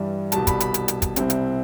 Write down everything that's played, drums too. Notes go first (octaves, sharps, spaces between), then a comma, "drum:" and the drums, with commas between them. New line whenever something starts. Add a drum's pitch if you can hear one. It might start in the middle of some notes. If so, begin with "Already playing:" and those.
Already playing: G2 E3 G3 D4
C2 B2 G3 A5, drum: hi-hat
B5, drum: kick, hi-hat
B5, drum: hi-hat
drum: hi-hat
drum: hi-hat
drum: kick, hi-hat
C2 C3 G3 C4 E4, drum: hi-hat
drum: hi-hat